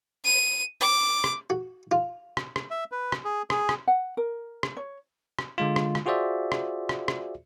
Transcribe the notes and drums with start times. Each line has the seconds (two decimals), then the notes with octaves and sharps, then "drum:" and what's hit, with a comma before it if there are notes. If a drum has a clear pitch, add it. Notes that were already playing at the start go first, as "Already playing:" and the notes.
0.25 D#7
0.81 D6
1.24 drum: rim click
1.50 F#4
1.91 F4
2.37 drum: rim click
2.56 drum: rim click
2.71 E5
2.92 B4
3.12 drum: rim click
3.24 G#4
3.50 G#4, drum: rim click
3.69 drum: rim click
3.87 F#5
4.17 A#4
4.63 drum: rim click
4.77 C#5
5.39 drum: rim click
5.58 D3 G#3 F4
5.76 drum: rim click
5.95 drum: rim click
6.06 F4 F#4 G#4 C5 D5 E5
6.52 drum: rim click
6.89 drum: rim click
7.08 drum: rim click